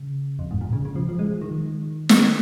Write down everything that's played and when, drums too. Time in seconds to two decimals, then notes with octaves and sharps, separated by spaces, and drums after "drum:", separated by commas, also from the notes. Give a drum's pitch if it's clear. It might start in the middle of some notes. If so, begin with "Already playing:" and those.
Already playing: C#3
0.39 F2
0.51 G#2
0.61 A#2
0.73 C#3
0.85 C#3
0.96 F3
1.09 F3
1.19 G#3
1.42 D#3
2.09 drum: snare